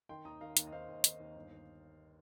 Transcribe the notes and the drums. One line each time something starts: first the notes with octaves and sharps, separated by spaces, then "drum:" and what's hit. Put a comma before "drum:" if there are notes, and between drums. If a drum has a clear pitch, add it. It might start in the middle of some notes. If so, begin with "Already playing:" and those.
D#3 G5 C6
D#2 A#5 D#6
D#3 F5 A#5
D#2, drum: hi-hat
D#5
D#2 C5 F5
D#2
D#3, drum: hi-hat
D#2
G1
D#3